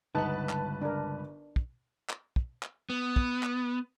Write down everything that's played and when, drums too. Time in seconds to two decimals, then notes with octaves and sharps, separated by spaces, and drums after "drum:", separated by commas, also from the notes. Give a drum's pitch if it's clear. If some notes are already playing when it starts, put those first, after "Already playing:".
0.15 G1 C#2 G3 D#4 B4 F#5 A5
0.49 drum: clap
0.82 D4 A#4
1.56 drum: kick
2.10 drum: clap
2.36 drum: kick
2.63 drum: clap
2.90 B3
3.16 drum: kick
3.43 drum: clap